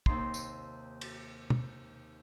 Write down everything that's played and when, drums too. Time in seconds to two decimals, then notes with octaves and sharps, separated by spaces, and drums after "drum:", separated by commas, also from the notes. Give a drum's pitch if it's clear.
0.06 D#2 C3 D#4 A#5 C6, drum: kick
0.34 drum: tambourine
1.01 drum: cymbal
1.50 drum: tom